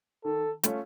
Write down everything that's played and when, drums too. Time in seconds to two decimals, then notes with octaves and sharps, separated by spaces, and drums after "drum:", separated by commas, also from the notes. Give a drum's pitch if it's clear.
0.25 D#3 A4
0.63 A3 C#4 F4, drum: hi-hat